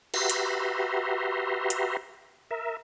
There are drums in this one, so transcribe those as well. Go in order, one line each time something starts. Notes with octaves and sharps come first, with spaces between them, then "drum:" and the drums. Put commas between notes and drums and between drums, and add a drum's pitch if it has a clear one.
F#4 G4 B4 E5 A#5 C6, drum: cymbal
drum: hi-hat
drum: hi-hat
A#4 E5